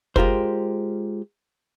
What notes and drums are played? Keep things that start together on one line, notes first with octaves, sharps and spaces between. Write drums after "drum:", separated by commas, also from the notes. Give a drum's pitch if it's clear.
G#3 F4 G4 A#4 C5, drum: kick